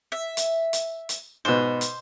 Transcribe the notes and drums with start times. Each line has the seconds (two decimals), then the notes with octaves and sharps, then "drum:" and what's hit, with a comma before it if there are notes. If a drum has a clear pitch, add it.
0.12 E5
0.37 drum: hi-hat
0.73 drum: hi-hat
1.09 drum: hi-hat
1.45 G#2 B2 C5
1.81 drum: hi-hat